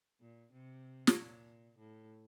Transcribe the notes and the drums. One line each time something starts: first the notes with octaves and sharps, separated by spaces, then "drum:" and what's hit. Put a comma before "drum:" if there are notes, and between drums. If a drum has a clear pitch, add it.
A#2
C3
drum: snare
A#2
A2